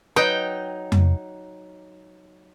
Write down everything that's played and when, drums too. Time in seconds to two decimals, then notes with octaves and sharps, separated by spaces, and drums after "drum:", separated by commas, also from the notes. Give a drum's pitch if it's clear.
0.16 F#3 D#4 B4 D#5 G5
0.92 drum: tom F2